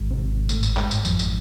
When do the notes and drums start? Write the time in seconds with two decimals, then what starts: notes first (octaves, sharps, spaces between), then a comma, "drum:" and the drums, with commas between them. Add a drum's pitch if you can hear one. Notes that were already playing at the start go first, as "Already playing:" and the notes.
Already playing: G#1 G#2
0.11 C3 C4
0.49 A2 A3, drum: tambourine
0.63 drum: tambourine
0.77 G#2 G#3, drum: clap
0.91 drum: tambourine
1.05 G#1 F2 G#2 F3, drum: tambourine
1.19 drum: tambourine